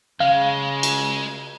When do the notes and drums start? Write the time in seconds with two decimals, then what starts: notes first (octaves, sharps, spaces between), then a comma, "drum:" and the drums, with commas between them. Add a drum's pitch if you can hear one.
0.20 C#3 G#3 F5
0.83 drum: cymbal